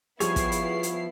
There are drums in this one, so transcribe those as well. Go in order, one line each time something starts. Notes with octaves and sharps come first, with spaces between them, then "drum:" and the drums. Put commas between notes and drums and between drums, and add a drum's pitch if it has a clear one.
F3 G3 B3 E4 G#4 C#5 C7, drum: hi-hat
drum: kick, hi-hat
drum: hi-hat
drum: hi-hat